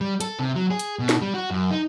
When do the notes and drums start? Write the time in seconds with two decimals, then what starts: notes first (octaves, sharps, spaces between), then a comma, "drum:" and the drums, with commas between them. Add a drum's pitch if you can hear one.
0.01 G3
0.21 A4, drum: hi-hat
0.39 C3
0.55 F#3
0.70 G#4
0.79 drum: hi-hat
0.99 B2
1.09 drum: snare
1.22 G3
1.34 F#4
1.51 F#2
1.71 D#4